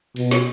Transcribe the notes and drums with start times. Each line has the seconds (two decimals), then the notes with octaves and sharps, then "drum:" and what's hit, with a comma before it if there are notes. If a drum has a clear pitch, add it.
0.16 B2, drum: cymbal
0.31 drum: snare